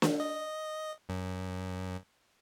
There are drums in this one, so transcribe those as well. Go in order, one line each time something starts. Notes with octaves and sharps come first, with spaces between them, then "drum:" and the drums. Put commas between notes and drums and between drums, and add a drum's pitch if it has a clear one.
drum: snare
D#5
F#2